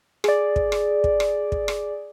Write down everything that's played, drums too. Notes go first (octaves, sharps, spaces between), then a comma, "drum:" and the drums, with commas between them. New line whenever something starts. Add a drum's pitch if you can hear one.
G#4 D5, drum: rim click
drum: kick
drum: rim click
drum: kick
drum: rim click
drum: kick
drum: rim click